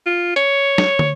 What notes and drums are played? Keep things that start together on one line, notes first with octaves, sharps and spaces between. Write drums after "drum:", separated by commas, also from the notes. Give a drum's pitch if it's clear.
F4
C#5, drum: tambourine
drum: snare
drum: tom